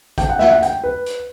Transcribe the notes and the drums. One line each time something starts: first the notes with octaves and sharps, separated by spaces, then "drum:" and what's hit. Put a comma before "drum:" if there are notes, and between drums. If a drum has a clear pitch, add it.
G5, drum: kick, hi-hat
F#5
E5, drum: snare
F#5
G5, drum: hi-hat
B4
drum: hi-hat